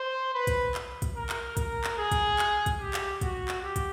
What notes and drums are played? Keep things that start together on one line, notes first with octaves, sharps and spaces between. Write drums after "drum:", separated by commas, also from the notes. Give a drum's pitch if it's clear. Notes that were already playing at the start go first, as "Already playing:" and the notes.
Already playing: C5
B4
drum: kick, hi-hat
drum: clap
drum: kick, hi-hat
A#4
drum: clap
A#4, drum: kick, hi-hat
drum: clap
G#4
drum: kick, hi-hat
drum: clap
drum: kick, hi-hat
G4
drum: clap
F#4, drum: kick, hi-hat
drum: clap
G4
drum: kick, hi-hat